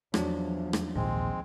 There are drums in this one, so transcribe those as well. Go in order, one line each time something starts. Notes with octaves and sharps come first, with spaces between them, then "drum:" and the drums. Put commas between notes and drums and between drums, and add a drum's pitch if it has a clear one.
E2 F3 F#3 D4, drum: rim click
drum: rim click
A#1 D#2 G#2 G#3 C4